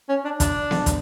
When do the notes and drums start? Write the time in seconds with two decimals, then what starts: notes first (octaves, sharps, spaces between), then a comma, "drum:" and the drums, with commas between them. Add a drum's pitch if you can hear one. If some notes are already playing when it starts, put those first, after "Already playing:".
0.09 C#4
0.25 D4
0.40 D4, drum: kick, hi-hat
0.71 drum: snare B3
0.86 drum: kick, hi-hat